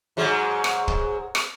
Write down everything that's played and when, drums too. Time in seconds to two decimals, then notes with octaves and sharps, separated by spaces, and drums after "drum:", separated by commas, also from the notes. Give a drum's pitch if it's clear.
0.17 G#2 F#3 G#3
0.64 drum: rim click
0.88 drum: kick
1.35 drum: rim click